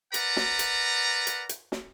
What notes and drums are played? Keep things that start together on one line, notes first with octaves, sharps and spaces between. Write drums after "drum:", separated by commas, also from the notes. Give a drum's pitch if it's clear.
A#4 B4 D5 F#5 A#5, drum: hi-hat
drum: snare
drum: hi-hat
drum: hi-hat
drum: hi-hat
drum: snare